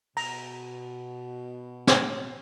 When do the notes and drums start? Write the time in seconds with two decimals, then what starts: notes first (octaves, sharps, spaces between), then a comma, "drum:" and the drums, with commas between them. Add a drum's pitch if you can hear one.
0.17 B2 A#5, drum: open hi-hat
1.87 drum: snare